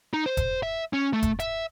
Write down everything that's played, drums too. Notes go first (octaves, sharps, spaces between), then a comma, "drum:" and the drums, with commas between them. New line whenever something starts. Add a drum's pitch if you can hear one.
D#4
C5
drum: kick E1, hi-hat
E5
C#4
A3
drum: kick E1, hi-hat
E5, drum: hi-hat